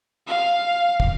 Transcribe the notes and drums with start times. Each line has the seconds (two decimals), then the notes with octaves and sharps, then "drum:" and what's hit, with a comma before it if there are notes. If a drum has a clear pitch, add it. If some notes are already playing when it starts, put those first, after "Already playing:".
0.27 F5
1.00 drum: kick